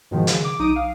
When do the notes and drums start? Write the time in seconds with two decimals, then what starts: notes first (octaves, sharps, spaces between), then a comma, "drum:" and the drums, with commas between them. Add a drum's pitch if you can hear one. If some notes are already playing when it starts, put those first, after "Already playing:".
0.11 G#2 B2 D#3 F3 G#3
0.27 C#3, drum: hi-hat
0.44 D6
0.59 B1 D#4 D#6 D7 D#7
0.76 F5